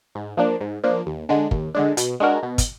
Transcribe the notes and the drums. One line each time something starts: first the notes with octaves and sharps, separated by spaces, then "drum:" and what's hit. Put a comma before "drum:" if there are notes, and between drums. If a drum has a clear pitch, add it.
G#2
F3 A#3 D4
G#2
F3 A#3 D4
D#2
D3 G#3 D4
D#2, drum: kick
D3 G#3 D4
B2, drum: hi-hat
G#3 D4 F#4 A#4
B2
drum: kick, hi-hat